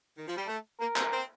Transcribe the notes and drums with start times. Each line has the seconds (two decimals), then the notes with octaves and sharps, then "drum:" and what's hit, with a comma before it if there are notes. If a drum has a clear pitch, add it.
0.16 D#3
0.27 F3
0.37 G3
0.47 A3 A4
0.80 A#3 A#4
0.96 C4, drum: clap
1.13 C4